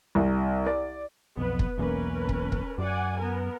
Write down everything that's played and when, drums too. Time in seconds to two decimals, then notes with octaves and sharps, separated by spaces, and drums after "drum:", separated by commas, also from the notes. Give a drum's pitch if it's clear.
0.15 C2
0.66 D5
1.37 B1 F2 B3 B4
1.59 drum: kick
1.78 B1 E2 A#3 C#4 A#4 B4
2.29 drum: kick
2.52 drum: kick
2.78 F#2 D5 F#5 G#5
3.19 B3 A#4